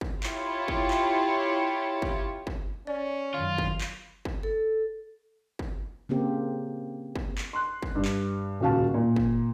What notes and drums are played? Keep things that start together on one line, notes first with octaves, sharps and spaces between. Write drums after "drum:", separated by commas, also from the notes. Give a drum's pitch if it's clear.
drum: kick
E4 F4 G4 C#5, drum: clap
drum: kick
drum: clap
drum: kick
drum: kick
C#4 D5
F#2 D#3 F4
drum: kick
drum: clap
drum: kick
A4
drum: kick
C#3 A#3 C4 G4
drum: kick
drum: clap
C6 F#6
drum: kick
G2
drum: clap
D#1 C#2 F#4 F5 A5
A#2
drum: kick